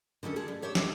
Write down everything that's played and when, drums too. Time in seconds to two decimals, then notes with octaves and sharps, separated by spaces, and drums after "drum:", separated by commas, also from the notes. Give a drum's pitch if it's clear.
0.23 D3 D#3 C#4 A4
0.36 G3 G#3 G#4 A5
0.48 G3 A3
0.62 D2 G4 C5 C#5 E5
0.75 D3 E3 F#3 G3 C4, drum: snare